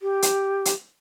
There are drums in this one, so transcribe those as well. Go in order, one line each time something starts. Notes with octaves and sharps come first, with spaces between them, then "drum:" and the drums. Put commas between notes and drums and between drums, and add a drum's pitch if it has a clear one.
G4
drum: hi-hat
drum: hi-hat